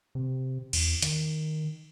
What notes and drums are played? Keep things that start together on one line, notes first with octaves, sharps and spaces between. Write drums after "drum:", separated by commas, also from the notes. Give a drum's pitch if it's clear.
C3
E2, drum: cymbal
D#3, drum: hi-hat